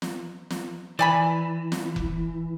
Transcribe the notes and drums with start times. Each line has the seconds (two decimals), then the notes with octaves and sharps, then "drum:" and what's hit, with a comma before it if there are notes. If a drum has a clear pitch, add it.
0.02 drum: snare
0.50 drum: snare
0.99 E3 D5 G#5 B5
1.72 drum: snare
1.96 drum: kick F1